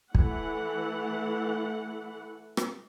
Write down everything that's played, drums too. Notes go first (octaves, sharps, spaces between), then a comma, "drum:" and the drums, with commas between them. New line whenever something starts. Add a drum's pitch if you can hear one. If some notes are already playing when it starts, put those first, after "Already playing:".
E3 A3 F#5, drum: kick
drum: rim click